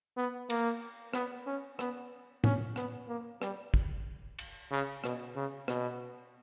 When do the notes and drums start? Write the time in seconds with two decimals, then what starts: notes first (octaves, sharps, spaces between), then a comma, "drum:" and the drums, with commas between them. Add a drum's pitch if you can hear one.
0.17 B3
0.50 A#3, drum: cymbal
1.13 B3, drum: rim click
1.47 C#4
1.79 B3, drum: rim click
2.44 C#4, drum: tom
2.76 B3, drum: rim click
3.08 A#3
3.42 G3, drum: rim click
3.74 drum: kick
4.39 drum: cymbal
4.71 C#3
5.04 B2, drum: rim click
5.35 C#3
5.68 B2, drum: rim click